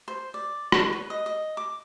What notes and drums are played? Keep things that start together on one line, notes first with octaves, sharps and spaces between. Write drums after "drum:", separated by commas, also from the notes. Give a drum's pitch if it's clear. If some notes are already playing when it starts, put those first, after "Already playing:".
C5
D5
C#5, drum: rim click
B4
D#5
D#5
D6